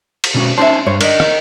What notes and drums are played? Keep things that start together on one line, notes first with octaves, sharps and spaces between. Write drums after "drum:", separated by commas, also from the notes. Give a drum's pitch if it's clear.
drum: cymbal
B2 C#4 F#4
C#4 D#4 C5 E5 A5
G2 C5 C#5
D4 A#4 D#5, drum: cymbal
drum: rim click